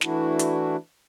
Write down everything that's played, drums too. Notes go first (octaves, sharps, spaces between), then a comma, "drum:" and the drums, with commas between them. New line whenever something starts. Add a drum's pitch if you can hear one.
E3 A3 D4 E4 F#4, drum: snare
drum: hi-hat